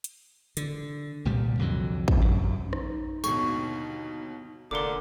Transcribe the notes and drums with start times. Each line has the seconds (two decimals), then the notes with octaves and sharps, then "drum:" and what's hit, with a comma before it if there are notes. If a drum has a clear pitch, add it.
0.04 drum: hi-hat
0.57 D3, drum: hi-hat
1.25 C2 A#2 D#3 G3
1.58 C2 F2 D3 F#3
2.08 drum: kick A1
2.21 F#2
2.73 D#4, drum: rim click
3.24 G1 D#2 B2 C#6, drum: tambourine
4.71 F1 A#2 D3 D6 G7